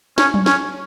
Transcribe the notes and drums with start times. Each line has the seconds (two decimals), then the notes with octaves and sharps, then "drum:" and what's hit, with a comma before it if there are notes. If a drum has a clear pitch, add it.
0.18 C#4, drum: snare
0.34 drum: tom F#3
0.46 C#4, drum: snare